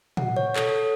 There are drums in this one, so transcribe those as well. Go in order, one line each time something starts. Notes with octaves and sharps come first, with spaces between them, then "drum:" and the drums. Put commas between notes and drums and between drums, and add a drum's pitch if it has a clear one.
F#5, drum: tom
C#5
A4, drum: clap
A4